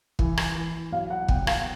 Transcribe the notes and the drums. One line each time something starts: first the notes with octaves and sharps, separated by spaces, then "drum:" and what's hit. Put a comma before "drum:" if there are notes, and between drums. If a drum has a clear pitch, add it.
E3, drum: kick
drum: rim click
E3
B1 F5
F#5
B2 G5, drum: kick
F5, drum: rim click